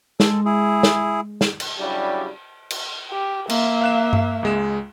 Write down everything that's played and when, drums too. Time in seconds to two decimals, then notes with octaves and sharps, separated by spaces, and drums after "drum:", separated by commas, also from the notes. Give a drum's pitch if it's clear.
0.20 G#3 A4, drum: snare
0.45 E4 G#4
0.83 drum: snare
1.41 drum: snare
1.60 drum: cymbal
1.79 C#3 F#3 G3 D4 E4 G4
2.71 drum: cymbal
3.11 G4
3.50 A#3 E5, drum: cymbal
3.82 F5 F#6 E7
4.13 drum: tom G2
4.43 C#2 G#3 E7